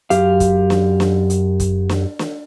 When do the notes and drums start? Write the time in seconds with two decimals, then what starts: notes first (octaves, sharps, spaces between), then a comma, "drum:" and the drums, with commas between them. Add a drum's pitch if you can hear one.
0.10 F#2 G4 F5, drum: hi-hat
0.40 drum: kick, hi-hat
0.70 drum: snare
1.00 drum: snare
1.30 drum: hi-hat
1.60 drum: kick, hi-hat
1.89 drum: snare
2.19 drum: snare